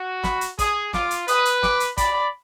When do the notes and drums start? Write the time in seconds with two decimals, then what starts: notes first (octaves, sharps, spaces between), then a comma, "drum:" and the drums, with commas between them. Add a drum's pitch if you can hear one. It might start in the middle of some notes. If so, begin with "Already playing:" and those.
Already playing: F#4
0.24 B5, drum: snare
0.41 drum: hi-hat
0.59 G#4 D#6, drum: kick, hi-hat
0.93 F4 D6, drum: snare
1.11 drum: hi-hat
1.28 B4 D#6, drum: hi-hat
1.45 drum: hi-hat
1.63 D6, drum: snare
1.80 drum: hi-hat
1.97 D5 B5, drum: kick, hi-hat